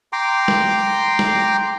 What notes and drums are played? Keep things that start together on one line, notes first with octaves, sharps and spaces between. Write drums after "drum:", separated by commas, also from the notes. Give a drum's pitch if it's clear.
G5 A#5 C6 D6
drum: snare
drum: snare